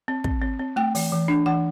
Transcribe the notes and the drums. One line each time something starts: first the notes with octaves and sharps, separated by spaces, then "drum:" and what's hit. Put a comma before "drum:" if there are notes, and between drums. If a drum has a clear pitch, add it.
C4
C4, drum: kick
C4
C4
A3 G5
E3, drum: open hi-hat
E3
D4
E3 F#5